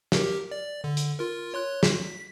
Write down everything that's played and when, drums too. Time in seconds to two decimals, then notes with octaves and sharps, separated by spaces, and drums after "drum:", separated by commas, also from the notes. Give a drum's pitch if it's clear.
0.12 G4 A#4, drum: snare
0.51 D5
0.84 D3
0.97 drum: hi-hat
1.19 F4 A#4
1.54 C#5 C6 F#6
1.83 B6, drum: snare